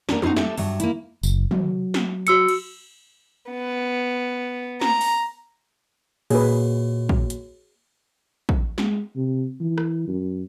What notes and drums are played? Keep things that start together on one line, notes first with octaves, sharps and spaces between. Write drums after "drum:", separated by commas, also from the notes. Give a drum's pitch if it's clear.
D4 A#4, drum: snare
B3 C4 D4 D#4 F#4, drum: tom
G4 A4 E5, drum: snare
G2 F#3 E5, drum: open hi-hat
A#3 E4, drum: hi-hat
F#1, drum: tambourine
F#3, drum: tom
drum: snare
F#4 E6 C#7, drum: hi-hat
drum: cymbal
B3
A#5, drum: snare
drum: open hi-hat
A#2 A#3 F#4 G#4 B4 C#5, drum: cymbal
drum: kick
drum: hi-hat
drum: kick
G#3, drum: snare
C3
E3
drum: rim click
F#2